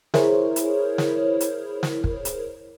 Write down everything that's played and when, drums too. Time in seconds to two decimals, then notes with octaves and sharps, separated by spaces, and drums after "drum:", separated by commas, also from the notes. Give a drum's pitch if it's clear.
0.14 E4 G#4 A#4 C5 C#5, drum: snare
0.56 drum: hi-hat
0.98 drum: snare
1.40 drum: hi-hat
1.83 drum: snare
2.04 drum: kick
2.25 drum: hi-hat